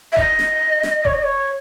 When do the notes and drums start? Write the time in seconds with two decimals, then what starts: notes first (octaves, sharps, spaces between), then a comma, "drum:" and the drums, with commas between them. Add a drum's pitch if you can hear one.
0.12 E5
0.17 D#5, drum: kick E1
0.39 drum: snare
0.83 drum: snare
1.05 C#5, drum: kick E1
1.14 D#5
1.23 C#5